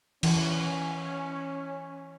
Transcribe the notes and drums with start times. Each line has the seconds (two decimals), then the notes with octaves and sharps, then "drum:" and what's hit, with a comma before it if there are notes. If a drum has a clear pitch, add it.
0.23 E3 C#4, drum: cymbal